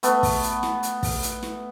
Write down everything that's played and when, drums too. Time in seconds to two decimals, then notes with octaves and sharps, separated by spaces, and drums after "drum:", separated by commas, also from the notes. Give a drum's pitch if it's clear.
0.03 A3 B3, drum: hi-hat
0.23 drum: kick, open hi-hat
0.43 drum: hi-hat
0.63 drum: snare
0.83 drum: hi-hat
1.03 drum: kick, open hi-hat
1.23 drum: hi-hat
1.43 drum: snare